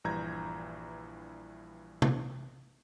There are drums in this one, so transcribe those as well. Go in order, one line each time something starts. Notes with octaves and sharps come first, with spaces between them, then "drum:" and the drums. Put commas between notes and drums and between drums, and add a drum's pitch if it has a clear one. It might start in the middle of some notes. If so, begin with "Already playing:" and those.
A#1 G2 E3 A#5 G6 G#6
drum: tom